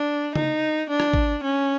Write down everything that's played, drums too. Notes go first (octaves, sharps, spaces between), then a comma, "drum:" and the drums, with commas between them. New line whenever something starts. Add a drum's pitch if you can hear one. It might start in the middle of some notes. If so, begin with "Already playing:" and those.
Already playing: D4
D#4, drum: tom C#3
D4
drum: rim click
drum: kick
C#4